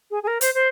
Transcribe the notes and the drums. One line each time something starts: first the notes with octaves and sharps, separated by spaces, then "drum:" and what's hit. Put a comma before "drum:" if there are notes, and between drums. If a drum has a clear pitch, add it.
G#4
G#4
A#4
C5, drum: hi-hat
C5